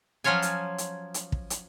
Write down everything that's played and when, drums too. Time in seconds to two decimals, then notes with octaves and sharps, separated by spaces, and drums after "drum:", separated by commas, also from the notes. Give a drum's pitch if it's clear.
0.24 F3 F#3 C#4 F4 C#5 G#5
0.42 drum: hi-hat
0.78 drum: hi-hat
1.14 drum: hi-hat
1.32 drum: kick
1.50 drum: hi-hat